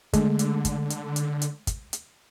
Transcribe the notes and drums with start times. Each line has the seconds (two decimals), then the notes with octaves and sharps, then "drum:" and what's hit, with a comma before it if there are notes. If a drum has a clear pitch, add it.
0.13 D3 G#3 A3, drum: kick, hi-hat
0.39 drum: hi-hat
0.65 drum: kick, hi-hat
0.90 drum: hi-hat
1.16 drum: hi-hat
1.42 drum: hi-hat
1.67 drum: kick, hi-hat
1.93 drum: hi-hat